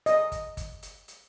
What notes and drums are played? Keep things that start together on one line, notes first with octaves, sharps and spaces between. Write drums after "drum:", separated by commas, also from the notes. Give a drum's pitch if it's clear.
D#5, drum: hi-hat
drum: kick G1, hi-hat
drum: kick G1, hi-hat
drum: hi-hat
drum: hi-hat